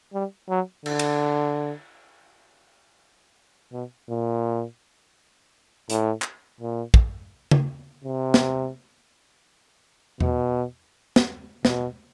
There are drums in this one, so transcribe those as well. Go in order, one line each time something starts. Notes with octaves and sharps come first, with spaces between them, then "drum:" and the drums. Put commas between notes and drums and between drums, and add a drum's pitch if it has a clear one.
G3
F#3
D3, drum: cymbal
drum: cymbal
B2
A#2
A2, drum: hi-hat
drum: clap
A#2
drum: kick
drum: tom C#3
C3
drum: snare
B2, drum: tom E2
drum: snare
B2, drum: snare